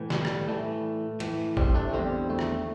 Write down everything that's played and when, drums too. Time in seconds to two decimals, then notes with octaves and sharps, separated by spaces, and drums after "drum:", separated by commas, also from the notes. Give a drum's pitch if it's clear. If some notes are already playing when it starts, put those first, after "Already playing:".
Already playing: A2 E3
0.10 G3, drum: snare
0.25 drum: rim click
0.48 A2 E3 A3
1.20 A2 E3, drum: cymbal
1.57 G3 C4, drum: kick A1
1.75 A3 D4
1.93 E2 D3 G3 C4
2.30 A3
2.39 drum: rim click